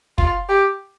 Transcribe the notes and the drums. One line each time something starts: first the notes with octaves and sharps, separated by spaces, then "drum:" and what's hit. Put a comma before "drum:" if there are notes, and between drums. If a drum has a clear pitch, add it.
F4, drum: kick
G4